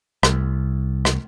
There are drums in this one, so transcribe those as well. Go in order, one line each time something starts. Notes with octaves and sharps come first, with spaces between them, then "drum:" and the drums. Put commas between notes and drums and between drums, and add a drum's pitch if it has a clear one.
C2, drum: rim click
drum: rim click